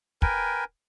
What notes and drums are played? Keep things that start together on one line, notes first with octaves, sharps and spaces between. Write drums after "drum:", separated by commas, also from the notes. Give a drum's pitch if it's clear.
A#4 B4 G5 G#5, drum: kick